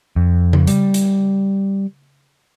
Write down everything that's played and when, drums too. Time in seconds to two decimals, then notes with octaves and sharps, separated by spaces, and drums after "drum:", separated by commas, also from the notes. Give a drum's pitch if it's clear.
0.16 F2
0.53 drum: tom C#3
0.67 G3, drum: hi-hat
0.94 drum: hi-hat